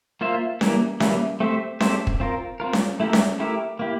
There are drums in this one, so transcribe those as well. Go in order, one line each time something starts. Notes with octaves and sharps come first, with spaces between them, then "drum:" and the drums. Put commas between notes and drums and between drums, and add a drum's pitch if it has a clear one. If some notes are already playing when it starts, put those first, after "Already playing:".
A#3 F4 C5 E5
E3 G3 A#3 E4, drum: snare C#4
E3 G3 A#3 E4, drum: snare C#4
A3 C4 G4 C5 E5
A3 C4 G4 C5 E5, drum: snare C#4
drum: kick
C4 F4 A#4
C4 F4 A#4
drum: snare C#4
A3 E4 G4 A#4 E5
drum: snare C#4
A3 E4 G4 A#4 E5
A#3 E4 G4